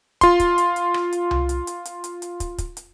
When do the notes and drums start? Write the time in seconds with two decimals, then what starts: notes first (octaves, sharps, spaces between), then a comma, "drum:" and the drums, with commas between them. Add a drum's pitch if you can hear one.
0.21 F4 C6, drum: kick, hi-hat
0.40 drum: kick, hi-hat
0.58 drum: hi-hat
0.76 drum: hi-hat
0.94 drum: rim click
1.13 drum: hi-hat
1.31 drum: tom C2
1.49 drum: hi-hat
1.67 drum: hi-hat
1.85 drum: hi-hat
2.04 drum: hi-hat
2.22 drum: hi-hat
2.40 drum: kick, hi-hat
2.58 drum: kick, hi-hat
2.77 drum: hi-hat